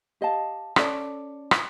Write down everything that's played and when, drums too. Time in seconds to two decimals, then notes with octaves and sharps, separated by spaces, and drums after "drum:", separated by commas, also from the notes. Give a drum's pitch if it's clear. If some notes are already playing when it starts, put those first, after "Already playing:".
0.21 G4 D#5 F5 A5
0.76 C#4 A4 D5, drum: rim click
1.51 drum: rim click